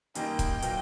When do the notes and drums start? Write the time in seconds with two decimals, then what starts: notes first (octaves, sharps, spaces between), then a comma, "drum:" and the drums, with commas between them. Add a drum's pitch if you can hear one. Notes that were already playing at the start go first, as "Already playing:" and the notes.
0.15 F#2 D#3 G3 A#3 D#4 G5, drum: hi-hat
0.39 drum: kick, hi-hat
0.62 A#2 F#3 A#3, drum: hi-hat